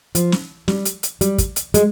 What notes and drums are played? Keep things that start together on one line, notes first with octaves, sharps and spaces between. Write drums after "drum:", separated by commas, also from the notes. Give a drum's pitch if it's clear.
F3, drum: hi-hat
drum: snare
G3, drum: snare
drum: hi-hat
drum: hi-hat
G3, drum: hi-hat
drum: kick, hi-hat
drum: hi-hat
G#3, drum: hi-hat